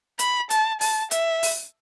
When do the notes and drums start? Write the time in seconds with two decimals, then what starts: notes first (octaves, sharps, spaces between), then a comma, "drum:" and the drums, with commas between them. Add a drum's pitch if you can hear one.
0.19 B5, drum: hi-hat
0.50 A5, drum: hi-hat
0.81 A5, drum: open hi-hat
1.11 E5, drum: hi-hat
1.43 drum: open hi-hat